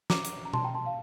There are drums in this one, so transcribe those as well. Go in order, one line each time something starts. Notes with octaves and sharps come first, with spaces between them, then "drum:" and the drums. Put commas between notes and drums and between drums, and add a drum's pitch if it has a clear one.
A#5 D6, drum: snare
drum: hi-hat
A#5
A5 C6, drum: tom B2
G5 A#5
A5 C6
F5 A5